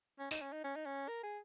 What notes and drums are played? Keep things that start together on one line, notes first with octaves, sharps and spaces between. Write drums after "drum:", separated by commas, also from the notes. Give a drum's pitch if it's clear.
C#4
D#4, drum: tambourine
C#4
D#4
C#4
D#4
C#4
A#4
G#4